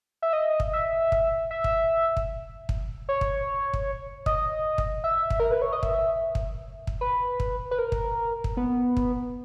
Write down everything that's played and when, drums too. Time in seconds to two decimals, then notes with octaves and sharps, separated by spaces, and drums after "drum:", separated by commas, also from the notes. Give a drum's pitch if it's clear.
0.22 E5
0.33 D#5
0.60 drum: kick
0.73 E5
1.12 drum: kick
1.51 E5
1.64 drum: kick
2.17 drum: kick
2.69 drum: kick
3.09 C#5
3.21 drum: kick
3.74 drum: kick
4.26 D#5, drum: kick
4.78 drum: kick
5.04 E5
5.30 drum: kick
5.40 A#4
5.51 B4
5.62 C#5
5.73 D#5
5.83 E5, drum: kick
6.35 drum: kick
6.87 drum: kick
7.01 B4
7.40 drum: kick
7.71 B4
7.79 A#4
7.92 drum: kick
8.44 drum: kick
8.57 B3
8.97 drum: kick